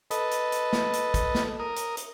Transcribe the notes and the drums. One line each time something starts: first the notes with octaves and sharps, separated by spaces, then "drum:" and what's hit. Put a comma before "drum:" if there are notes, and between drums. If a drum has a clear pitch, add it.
A4 B4 D#5, drum: hi-hat
drum: hi-hat
drum: hi-hat
drum: snare
drum: hi-hat
drum: kick, hi-hat
drum: snare
A#4 D#6
drum: hi-hat
drum: hi-hat